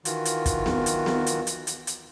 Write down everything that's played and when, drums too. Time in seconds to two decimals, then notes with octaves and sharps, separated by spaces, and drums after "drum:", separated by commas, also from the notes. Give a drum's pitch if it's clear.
0.05 D#3 E3 F4 F#4, drum: hi-hat
0.25 drum: hi-hat
0.46 drum: kick, hi-hat
0.66 drum: snare B3
0.86 drum: hi-hat
1.06 drum: snare B3
1.26 drum: hi-hat
1.47 drum: hi-hat
1.67 drum: hi-hat
1.87 drum: hi-hat